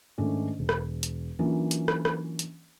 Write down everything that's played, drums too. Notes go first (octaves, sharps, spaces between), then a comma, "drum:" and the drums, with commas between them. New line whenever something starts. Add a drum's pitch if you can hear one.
G#2 D#3 A3 C#4 D4
E1
drum: rim click
drum: hi-hat
E3 F#3 A#3 C#4 D4 F4
drum: hi-hat
drum: rim click
drum: rim click
drum: hi-hat